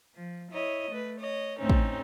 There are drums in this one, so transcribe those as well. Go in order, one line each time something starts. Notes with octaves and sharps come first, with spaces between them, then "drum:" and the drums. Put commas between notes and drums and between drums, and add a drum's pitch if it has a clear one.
F3
E4 C#5 D#5
A3 B4
C#5 D#5
D2 A2 A3 C4 C#4 D#4
drum: kick